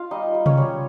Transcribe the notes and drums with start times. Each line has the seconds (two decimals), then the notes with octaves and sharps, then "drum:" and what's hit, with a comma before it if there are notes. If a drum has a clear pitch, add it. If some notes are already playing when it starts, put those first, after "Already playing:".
Already playing: F4 F5
0.11 G3 D#4 D#5
0.34 G3
0.46 C#4 C#5, drum: tom C3
0.57 G3